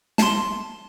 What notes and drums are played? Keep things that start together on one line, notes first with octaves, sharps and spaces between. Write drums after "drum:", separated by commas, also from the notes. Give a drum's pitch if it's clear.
A5 C6, drum: snare